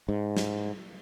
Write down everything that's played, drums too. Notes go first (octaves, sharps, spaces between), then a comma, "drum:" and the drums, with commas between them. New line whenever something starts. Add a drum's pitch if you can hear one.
G#2
drum: snare